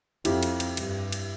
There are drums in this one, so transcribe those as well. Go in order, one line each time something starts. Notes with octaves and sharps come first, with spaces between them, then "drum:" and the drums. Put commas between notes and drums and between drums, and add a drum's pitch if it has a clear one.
F2 E4 G4, drum: cymbal
drum: cymbal
drum: cymbal
G2, drum: cymbal
drum: cymbal